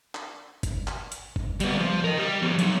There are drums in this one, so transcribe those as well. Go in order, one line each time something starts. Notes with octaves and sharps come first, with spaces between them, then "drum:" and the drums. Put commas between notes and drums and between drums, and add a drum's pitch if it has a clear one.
drum: clap
drum: kick, hi-hat
drum: clap
drum: hi-hat
drum: kick
G3 B3, drum: hi-hat
F3
A#4 D#5
G3
F3 B3
F#3 D#4, drum: hi-hat